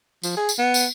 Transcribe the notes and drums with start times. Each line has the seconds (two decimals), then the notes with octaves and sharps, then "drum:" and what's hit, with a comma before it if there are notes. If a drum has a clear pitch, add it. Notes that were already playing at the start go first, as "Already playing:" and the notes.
0.23 F3, drum: tambourine
0.36 G#4
0.49 drum: tambourine
0.58 B3
0.74 drum: tambourine